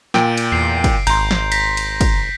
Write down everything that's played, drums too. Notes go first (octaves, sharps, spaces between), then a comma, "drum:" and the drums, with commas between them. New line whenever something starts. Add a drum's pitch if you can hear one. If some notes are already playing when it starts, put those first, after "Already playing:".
A#2 G5 D7, drum: snare
drum: cymbal
E2 C7
drum: kick, cymbal
G#1 A#5 C6 G6, drum: cymbal
drum: snare
A#6 B6, drum: cymbal
drum: cymbal
drum: kick, cymbal